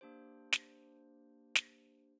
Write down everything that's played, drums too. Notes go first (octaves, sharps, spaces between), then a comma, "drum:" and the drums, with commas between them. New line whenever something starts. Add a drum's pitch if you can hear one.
A#3 D4 G4 C5
drum: snare
drum: snare